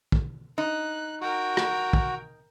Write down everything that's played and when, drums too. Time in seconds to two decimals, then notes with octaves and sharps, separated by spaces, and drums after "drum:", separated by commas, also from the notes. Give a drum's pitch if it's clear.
0.12 drum: kick
0.58 D#4 F#6
1.21 F#4 A#4 G5
1.57 drum: rim click
1.93 drum: kick